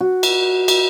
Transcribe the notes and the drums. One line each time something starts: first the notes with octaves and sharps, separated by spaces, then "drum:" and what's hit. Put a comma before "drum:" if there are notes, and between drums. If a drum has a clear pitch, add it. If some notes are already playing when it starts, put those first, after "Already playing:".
F#4
drum: cymbal
drum: cymbal